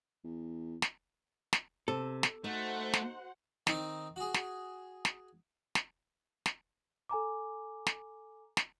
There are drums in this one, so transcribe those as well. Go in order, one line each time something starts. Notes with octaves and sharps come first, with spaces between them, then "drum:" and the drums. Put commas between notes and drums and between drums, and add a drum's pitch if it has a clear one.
E2
drum: snare
drum: snare
C3 A4
drum: snare
A3 D#4 F#4 C5 F#5
drum: snare
D#3 C4 D#4, drum: snare
F#4 G#4
drum: snare
drum: snare
drum: snare
drum: snare
A4 G#5 A#5 D6
drum: snare
drum: snare